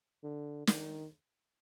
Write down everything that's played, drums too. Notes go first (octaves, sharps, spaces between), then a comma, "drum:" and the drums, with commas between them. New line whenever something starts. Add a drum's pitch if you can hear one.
D3
D#3, drum: snare